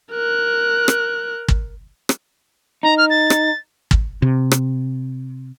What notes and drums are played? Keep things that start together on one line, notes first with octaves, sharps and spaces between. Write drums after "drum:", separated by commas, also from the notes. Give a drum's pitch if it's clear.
A#4 F#6
drum: rim click
drum: kick
drum: rim click
D#4 A#5
F6
A6
drum: rim click
drum: kick
C3
drum: rim click